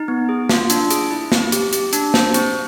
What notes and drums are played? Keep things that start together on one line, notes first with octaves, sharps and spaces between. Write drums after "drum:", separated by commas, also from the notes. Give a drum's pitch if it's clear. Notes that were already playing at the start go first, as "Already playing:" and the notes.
Already playing: D#4
B3
G#4
F4, drum: snare
D4, drum: hi-hat
G#4, drum: hi-hat
E4
C4, drum: snare
G4, drum: hi-hat
G4, drum: hi-hat
D4, drum: hi-hat
C5, drum: snare
C4, drum: hi-hat